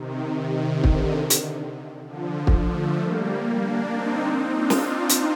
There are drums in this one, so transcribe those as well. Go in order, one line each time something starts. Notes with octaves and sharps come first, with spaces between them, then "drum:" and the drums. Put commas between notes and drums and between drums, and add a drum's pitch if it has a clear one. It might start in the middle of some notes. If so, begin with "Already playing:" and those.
Already playing: C3 D#3
C3 D#3
D3, drum: kick
drum: hi-hat
D3 F3
drum: kick
F3 A3
G3 A#3
A#3 D4
C4 D#4
D4 F4
drum: snare
drum: hi-hat